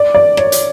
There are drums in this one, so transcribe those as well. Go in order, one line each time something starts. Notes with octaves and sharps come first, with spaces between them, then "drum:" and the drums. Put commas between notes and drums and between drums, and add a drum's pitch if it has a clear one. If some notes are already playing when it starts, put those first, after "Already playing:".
Already playing: D5
D5
C#5, drum: rim click
drum: hi-hat